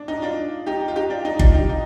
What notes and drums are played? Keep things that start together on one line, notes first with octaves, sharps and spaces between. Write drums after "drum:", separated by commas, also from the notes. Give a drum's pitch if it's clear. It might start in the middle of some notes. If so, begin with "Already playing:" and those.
Already playing: D4
D#4
D4 F4
D#4 G4
F4
D#4 G4
D4 F4
D#4
D4 F4, drum: kick G1
D#4 G4
D#4